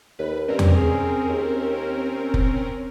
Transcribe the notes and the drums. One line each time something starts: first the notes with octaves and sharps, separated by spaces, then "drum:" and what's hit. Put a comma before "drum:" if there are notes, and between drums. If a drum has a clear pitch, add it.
D#2 B4
G2 C4 C#4 A#4
drum: tom E2
G#4
D#2
drum: kick F1